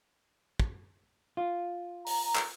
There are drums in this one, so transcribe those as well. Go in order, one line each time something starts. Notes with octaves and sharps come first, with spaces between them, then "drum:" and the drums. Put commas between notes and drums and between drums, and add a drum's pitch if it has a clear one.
drum: kick
F4
A#5, drum: open hi-hat
drum: clap